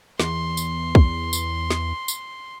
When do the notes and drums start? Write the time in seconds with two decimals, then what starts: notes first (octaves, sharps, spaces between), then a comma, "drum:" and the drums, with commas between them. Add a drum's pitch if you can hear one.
0.20 E2 C6, drum: snare
0.57 drum: tambourine
0.95 drum: kick
1.33 drum: tambourine
1.71 drum: snare
2.08 drum: tambourine